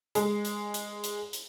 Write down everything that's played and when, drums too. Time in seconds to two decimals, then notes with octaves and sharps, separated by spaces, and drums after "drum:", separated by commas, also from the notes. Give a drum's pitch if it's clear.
0.15 G#3, drum: hi-hat
0.45 drum: hi-hat
0.74 drum: hi-hat
1.04 drum: hi-hat
1.33 drum: hi-hat